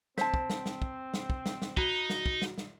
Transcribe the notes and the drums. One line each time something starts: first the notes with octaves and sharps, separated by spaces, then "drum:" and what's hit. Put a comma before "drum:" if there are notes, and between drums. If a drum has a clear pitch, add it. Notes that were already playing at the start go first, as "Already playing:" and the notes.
C4 C5 A5 B6, drum: snare
drum: kick
drum: snare
drum: snare
drum: kick
drum: snare
drum: kick
drum: snare
drum: snare
D#4 F#4 A#5 F#6, drum: kick
drum: snare
drum: kick
drum: snare
drum: snare